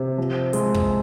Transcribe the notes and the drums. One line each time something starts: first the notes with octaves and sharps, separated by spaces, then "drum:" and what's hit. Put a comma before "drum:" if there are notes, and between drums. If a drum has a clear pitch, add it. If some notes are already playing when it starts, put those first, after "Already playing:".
Already playing: C3
F3
G#3, drum: hi-hat
drum: kick